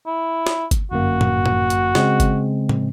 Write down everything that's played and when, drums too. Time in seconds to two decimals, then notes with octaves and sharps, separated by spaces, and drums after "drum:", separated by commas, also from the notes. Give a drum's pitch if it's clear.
0.07 E4
0.47 drum: snare
0.71 drum: kick G1, hi-hat
0.92 G1 F#2 A#3 F#4
1.21 drum: tom A2
1.46 drum: tom A2
1.70 drum: hi-hat
1.95 C#3 G#3 C4, drum: snare
2.20 drum: kick G1, hi-hat
2.69 drum: tom A2